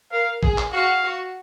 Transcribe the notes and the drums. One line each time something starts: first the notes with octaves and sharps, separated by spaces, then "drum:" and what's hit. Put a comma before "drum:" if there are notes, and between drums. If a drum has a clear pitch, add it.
A#4 F5
G#4, drum: kick A1
drum: clap
F#4 F5
F#4